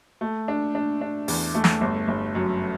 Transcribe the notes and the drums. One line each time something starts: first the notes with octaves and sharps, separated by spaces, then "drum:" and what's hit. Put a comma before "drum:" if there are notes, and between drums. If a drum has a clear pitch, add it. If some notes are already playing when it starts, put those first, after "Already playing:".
A3
D4
D4
D4
E2, drum: open hi-hat
A3
drum: snare
G1
G1
F#2